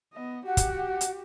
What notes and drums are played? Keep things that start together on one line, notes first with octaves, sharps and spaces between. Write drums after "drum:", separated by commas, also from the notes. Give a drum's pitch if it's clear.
B3 D#5
F#4 G4 F#5
drum: kick, hi-hat
drum: hi-hat